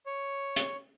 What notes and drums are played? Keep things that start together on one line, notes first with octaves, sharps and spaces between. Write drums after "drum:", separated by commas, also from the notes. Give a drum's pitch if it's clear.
C#5
drum: hi-hat